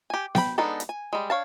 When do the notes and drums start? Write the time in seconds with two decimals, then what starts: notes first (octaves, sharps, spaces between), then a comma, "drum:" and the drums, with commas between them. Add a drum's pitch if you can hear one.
0.10 G4 G#5
0.35 G5 B5, drum: snare B3
0.58 G#3 B3 D4 D#4 A4
0.80 drum: hi-hat
0.89 G#5
1.13 G3 G#3
1.30 D4 C#5 F5 A5